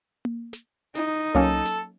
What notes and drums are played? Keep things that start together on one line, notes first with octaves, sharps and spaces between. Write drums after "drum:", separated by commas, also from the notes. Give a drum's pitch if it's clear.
drum: tom A#3
drum: snare
D#4, drum: snare
F#3 A#3 C#4 A4, drum: tom C2
drum: snare